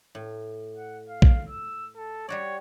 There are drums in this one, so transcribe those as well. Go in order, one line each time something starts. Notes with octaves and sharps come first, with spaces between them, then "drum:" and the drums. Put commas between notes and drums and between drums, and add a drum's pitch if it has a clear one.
A2
F#5
F5
drum: kick A#1
E6
A4
G3 F#4 C#5 D5